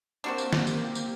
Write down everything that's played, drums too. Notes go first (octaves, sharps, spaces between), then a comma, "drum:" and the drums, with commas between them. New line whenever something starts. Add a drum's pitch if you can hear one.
A#3 C4 D4 F#4 G4 C5
drum: tambourine
drum: snare
drum: tambourine
drum: tambourine